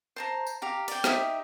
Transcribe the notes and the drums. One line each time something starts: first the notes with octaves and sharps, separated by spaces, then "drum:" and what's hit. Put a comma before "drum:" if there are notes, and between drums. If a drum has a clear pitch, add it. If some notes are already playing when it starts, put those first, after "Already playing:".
C5 A5 A#5
drum: tambourine
G4 F5 A#5
D5 G5, drum: cymbal
D#4 G4 E5 D#6, drum: snare